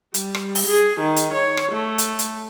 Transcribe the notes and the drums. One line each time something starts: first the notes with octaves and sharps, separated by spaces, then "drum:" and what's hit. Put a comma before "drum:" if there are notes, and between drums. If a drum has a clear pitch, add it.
G3, drum: hi-hat
drum: rim click
drum: open hi-hat
G#4
D#3
drum: hi-hat
C#5
drum: rim click
A3
drum: hi-hat
drum: hi-hat